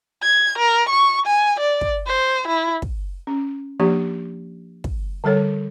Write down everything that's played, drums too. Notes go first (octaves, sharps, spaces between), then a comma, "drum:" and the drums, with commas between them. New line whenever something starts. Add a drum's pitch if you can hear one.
G#6
A#4
C#6
G#5
D5
drum: kick
C5
E4
drum: kick
C#4
F3 A#3 D4 G4
drum: kick
D3 G3 A4 C#5